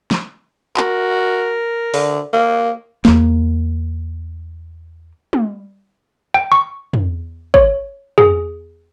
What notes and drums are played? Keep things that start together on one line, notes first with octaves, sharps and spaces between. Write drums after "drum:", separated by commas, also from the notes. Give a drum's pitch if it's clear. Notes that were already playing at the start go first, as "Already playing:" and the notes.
drum: snare
F#4 A#4, drum: clap
D3, drum: open hi-hat
A#3
E2 A#3, drum: snare
drum: tom
G5
C#6
drum: tom
C#5, drum: kick
G#4, drum: tom